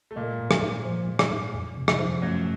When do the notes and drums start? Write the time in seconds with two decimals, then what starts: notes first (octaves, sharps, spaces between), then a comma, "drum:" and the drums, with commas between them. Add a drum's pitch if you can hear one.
0.11 A3
0.16 A#2 G#3 A#3
0.39 G#2
0.51 drum: rim click
0.63 G#2
0.85 F3
1.08 G#3
1.19 drum: rim click
1.31 G#2
1.53 F2
1.77 C3
1.88 drum: rim click
1.99 F3
2.22 F#2 F#3 A3